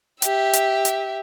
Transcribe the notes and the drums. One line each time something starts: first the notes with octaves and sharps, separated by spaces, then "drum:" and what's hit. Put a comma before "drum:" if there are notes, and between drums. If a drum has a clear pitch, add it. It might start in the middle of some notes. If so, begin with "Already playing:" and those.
G4 E5, drum: hi-hat
drum: hi-hat
drum: hi-hat